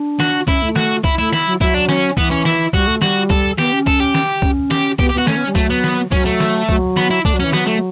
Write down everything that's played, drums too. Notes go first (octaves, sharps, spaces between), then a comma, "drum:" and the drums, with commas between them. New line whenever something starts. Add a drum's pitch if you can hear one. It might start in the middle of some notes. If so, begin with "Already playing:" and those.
Already playing: D4
F#4, drum: snare
C#4 E4, drum: kick
A3
F#4, drum: snare
E4, drum: kick
A3 E4
E4, drum: snare
F#3
F#3 E4, drum: kick
D4
C#4, drum: snare
E3 B3, drum: kick
C#4
E4, drum: snare
G3 F#4, drum: kick
A3
G3 F#4, drum: snare
A4, drum: kick
B3 G4, drum: snare
C#4
A4, drum: kick
G4
drum: snare
C#4, drum: kick
G4, drum: snare
B3 G4, drum: kick
G4
B3 F#4
A3 C#4, drum: snare
B3
G3
F#3 A3, drum: kick
B3
drum: snare
F#3 C#4, drum: kick
A3
drum: snare
F#3, drum: kick
B3, drum: snare
E4
A3 D4, drum: kick
F#3
E3 C#4
F#3 B3, drum: snare
A3